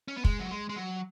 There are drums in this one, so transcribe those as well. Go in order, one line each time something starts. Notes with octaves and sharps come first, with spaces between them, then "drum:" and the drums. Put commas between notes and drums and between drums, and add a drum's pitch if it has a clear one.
C#4
B3
G#3, drum: kick
F#3
G#3
G#3
F#3